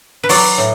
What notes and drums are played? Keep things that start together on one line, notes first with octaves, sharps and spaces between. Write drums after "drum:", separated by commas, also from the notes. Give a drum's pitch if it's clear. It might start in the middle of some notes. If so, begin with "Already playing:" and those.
B4
F#3 D5, drum: open hi-hat
A2